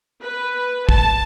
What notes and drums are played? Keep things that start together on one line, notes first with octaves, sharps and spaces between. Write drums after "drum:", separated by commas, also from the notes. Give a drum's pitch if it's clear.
B4
A5, drum: kick